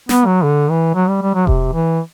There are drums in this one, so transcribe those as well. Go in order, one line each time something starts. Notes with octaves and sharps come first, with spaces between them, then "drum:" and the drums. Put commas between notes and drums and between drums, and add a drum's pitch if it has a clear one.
B3, drum: snare
F#3
D3
E3
F#3
G3
G3
F#3
C3, drum: kick E1
E3